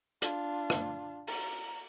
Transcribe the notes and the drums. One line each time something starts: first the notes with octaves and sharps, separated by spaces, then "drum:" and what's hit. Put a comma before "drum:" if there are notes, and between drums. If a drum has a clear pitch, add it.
D4 F4, drum: hi-hat
drum: rim click
A#5, drum: open hi-hat